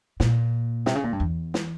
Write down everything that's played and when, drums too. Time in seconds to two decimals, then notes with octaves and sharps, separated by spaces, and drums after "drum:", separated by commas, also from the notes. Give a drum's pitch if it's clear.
0.20 A#2, drum: snare
0.86 C3, drum: snare
0.95 C#3
1.04 A#2
1.13 G2
1.20 E2
1.54 drum: snare